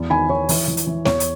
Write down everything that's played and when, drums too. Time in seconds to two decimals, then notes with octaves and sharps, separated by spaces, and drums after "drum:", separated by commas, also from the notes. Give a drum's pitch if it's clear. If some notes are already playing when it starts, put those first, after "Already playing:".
Already playing: E2
0.10 D#3 G#5 B5
0.29 D#3 C#5
0.49 E3, drum: open hi-hat
0.68 E3
0.77 drum: hi-hat
0.87 E3
1.05 E2 C#5, drum: snare
1.20 drum: hi-hat